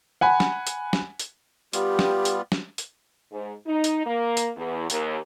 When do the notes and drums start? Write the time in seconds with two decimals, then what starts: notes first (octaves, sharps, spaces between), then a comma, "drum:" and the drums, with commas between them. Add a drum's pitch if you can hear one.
0.21 F#5 G#5 B5
0.40 drum: snare
0.67 drum: hi-hat
0.93 drum: snare
1.20 drum: hi-hat
1.73 G3 B3 F4 G4, drum: hi-hat
1.99 drum: snare
2.25 drum: hi-hat
2.52 drum: snare
2.78 drum: hi-hat
3.30 G#2
3.66 D#4
3.84 drum: hi-hat
4.06 A#3
4.37 drum: hi-hat
4.55 E2
4.90 D#2, drum: hi-hat